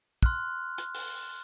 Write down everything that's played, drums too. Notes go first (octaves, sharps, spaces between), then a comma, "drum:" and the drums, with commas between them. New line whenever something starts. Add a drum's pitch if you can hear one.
C6 F6 F#6, drum: kick
drum: hi-hat
drum: open hi-hat